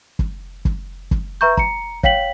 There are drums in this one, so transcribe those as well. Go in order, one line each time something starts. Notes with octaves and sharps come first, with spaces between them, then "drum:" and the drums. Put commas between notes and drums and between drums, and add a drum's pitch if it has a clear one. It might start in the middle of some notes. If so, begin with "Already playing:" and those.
drum: kick
drum: kick
drum: kick
B4 E5 A#5 C#6 G6
A#5 C#7, drum: kick
C#5 F5 G5 B6 F#7, drum: kick